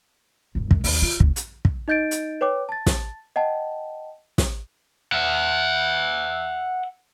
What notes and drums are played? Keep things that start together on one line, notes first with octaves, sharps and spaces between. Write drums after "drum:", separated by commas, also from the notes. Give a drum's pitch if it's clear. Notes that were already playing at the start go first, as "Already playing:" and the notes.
D#1 F#2
F#2 G#3, drum: kick
D#2, drum: open hi-hat
F4
F1 D2, drum: kick
drum: hi-hat
drum: kick
D#4 D#5 G6 A6 D7
drum: hi-hat
B4 C#5 G5 D6
A5 A6
drum: snare
D#5 F#5 G5 A5
drum: snare
E5 F#5